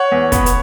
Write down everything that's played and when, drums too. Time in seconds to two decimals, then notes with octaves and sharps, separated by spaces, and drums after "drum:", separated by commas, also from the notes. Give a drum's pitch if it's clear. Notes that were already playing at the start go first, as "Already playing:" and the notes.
Already playing: C#5 F#5
0.11 E2
0.32 B3, drum: kick, hi-hat
0.46 drum: hi-hat